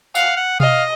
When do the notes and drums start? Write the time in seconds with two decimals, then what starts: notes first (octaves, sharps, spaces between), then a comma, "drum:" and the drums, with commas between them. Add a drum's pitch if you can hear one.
0.15 F5 F#5, drum: tambourine
0.37 F#5
0.60 D#5 F5, drum: tom B2